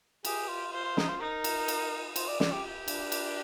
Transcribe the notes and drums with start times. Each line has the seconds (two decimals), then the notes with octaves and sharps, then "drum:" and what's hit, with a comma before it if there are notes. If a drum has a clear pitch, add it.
0.25 G4 G#4, drum: cymbal
0.48 F4
0.72 F4 C5
0.84 F4
0.97 D#4, drum: snare
1.08 F4
1.20 D#4 A#4
1.44 drum: cymbal
1.68 drum: cymbal
2.16 C5, drum: cymbal
2.28 D5
2.40 D5, drum: snare
2.52 G4
2.63 G4
2.88 D4, drum: cymbal
3.12 drum: cymbal